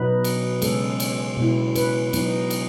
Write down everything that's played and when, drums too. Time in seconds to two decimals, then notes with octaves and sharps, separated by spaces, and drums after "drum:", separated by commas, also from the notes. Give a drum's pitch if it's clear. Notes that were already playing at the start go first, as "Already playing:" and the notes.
Already playing: B2 F#3 B3 D#4 B4
0.24 drum: cymbal
0.62 C#3 G#3 B3 A4, drum: cymbal
1.00 drum: cymbal
1.37 B2 G#3 B3 E4
1.75 B4, drum: cymbal
2.13 F#3 B3 D#4, drum: cymbal
2.50 drum: cymbal